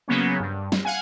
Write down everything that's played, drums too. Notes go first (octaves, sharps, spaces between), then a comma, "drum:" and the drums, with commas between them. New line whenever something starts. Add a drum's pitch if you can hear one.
C#3 F#3 A#3 B3 C#4
G2
drum: snare
F5 F#5 G#5